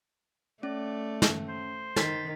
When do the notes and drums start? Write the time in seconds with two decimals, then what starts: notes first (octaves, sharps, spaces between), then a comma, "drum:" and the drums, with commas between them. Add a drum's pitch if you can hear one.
0.63 A3 C#4 D5
1.22 drum: snare
1.49 C5
1.96 D#3 A6 B6, drum: snare